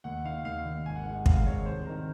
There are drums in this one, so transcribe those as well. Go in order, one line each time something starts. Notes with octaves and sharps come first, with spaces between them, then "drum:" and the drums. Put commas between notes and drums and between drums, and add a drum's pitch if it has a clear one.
D#2 F#5
D#3 F5
D#2 F5
D#3
G#1 G#5
F#5
G#2 D#3 F#5
F#5
G#1 F5, drum: kick
G#2 D#3 C#5
C2 C5
C3 D#3 A#4